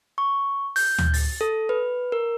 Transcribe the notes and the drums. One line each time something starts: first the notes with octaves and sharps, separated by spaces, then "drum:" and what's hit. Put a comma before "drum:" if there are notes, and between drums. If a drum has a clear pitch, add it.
C#6
G6, drum: open hi-hat
drum: tom
A6, drum: open hi-hat
A4
B4
A#4